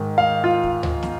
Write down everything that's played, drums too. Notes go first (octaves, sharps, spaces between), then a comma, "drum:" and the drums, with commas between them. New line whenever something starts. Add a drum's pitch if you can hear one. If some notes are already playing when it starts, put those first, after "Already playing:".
Already playing: G#2 D#3
F5
F4
drum: kick
drum: tom D2
drum: snare